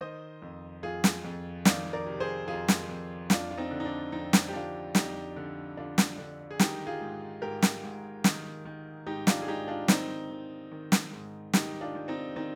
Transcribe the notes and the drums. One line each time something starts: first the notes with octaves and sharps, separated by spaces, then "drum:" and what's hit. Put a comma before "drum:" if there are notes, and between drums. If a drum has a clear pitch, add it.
D#3 C5 D#5
F2
F2 F4 G#4
drum: snare
F2
D#3 D5 F5, drum: snare
A#4 D5
C3
G#4 C5
F2 F4 G#4
drum: snare
F2
F2 D4 F4, drum: snare
F4
C4 D#4
D3
D#4
D4
F2 C4 D#4
drum: snare
G4
D3 D4 F4
F2 D#4 G4, drum: snare
D3
D3 D4 F4
drum: snare
D3
G#4
D#3 D#4 G4, drum: snare
F4 G#4
G#2
G#2 G4 A#4
drum: snare
G#2
D#3, drum: snare
D#3
G#2 D#4 G4
D4 F4, drum: snare
G#4
G#2 D#4 G4
D4 F4
D#3 C4 D#4, drum: snare
D#3
D#3
drum: snare
G#2
D#3 D#4 G4, drum: snare
D4 F4
D#3
C4 D#4
D#3 C4 D#4